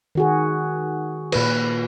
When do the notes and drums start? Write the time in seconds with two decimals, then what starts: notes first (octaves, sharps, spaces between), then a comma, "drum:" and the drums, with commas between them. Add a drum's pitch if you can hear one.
0.15 D#3 F#4 G#4
1.32 A#2 B4, drum: cymbal